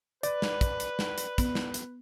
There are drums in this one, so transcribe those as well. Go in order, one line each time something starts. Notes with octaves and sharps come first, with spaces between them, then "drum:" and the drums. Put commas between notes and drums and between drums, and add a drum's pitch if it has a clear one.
B4 D5, drum: hi-hat
drum: snare
drum: kick, hi-hat
drum: hi-hat
drum: snare
drum: hi-hat
B3, drum: kick, hi-hat
drum: snare
drum: hi-hat